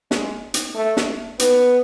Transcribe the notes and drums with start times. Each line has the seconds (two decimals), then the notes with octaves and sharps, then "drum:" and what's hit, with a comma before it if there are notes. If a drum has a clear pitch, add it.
0.11 G#3, drum: snare
0.54 drum: hi-hat
0.75 A3
0.97 drum: snare
1.39 B3, drum: hi-hat